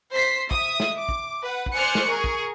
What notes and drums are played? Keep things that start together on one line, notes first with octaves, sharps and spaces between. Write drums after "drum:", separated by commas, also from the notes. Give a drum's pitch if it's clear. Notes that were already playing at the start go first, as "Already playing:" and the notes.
C5 B6 C7
E5 D#6, drum: kick
drum: snare
D6
drum: kick
B4 F#5
drum: kick
C5 D5 G#5 F6 F#6 C#7
drum: snare
G#4 A#4 G#5 C#6
drum: kick